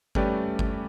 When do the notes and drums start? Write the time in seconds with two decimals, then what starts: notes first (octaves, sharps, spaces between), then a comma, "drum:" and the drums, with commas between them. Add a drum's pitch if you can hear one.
0.15 G3 A3 C#4 G4 B4 D5, drum: kick G1
0.59 drum: kick G1